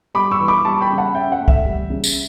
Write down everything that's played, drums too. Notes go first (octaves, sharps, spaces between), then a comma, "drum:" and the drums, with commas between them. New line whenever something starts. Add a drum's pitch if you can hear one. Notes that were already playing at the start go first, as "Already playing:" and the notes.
G3 B5 D6
C#6 E6
E3
B5 D6
G3 A5 C#6
G5 B5
C#3
F#5 A5
C#4 E5 G5
F#5
A3
E5, drum: kick
G3
C#3
drum: tambourine